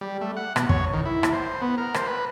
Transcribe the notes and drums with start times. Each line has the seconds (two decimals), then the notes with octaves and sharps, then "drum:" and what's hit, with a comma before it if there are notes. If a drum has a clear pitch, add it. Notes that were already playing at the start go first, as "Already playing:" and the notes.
0.01 G3
0.21 A3
0.37 F#5
0.56 B2, drum: rim click
0.69 C#5, drum: kick
0.93 D#3
1.06 E4
1.23 drum: rim click
1.33 C5
1.61 B3
1.78 A#4
1.94 C5, drum: rim click
2.07 B4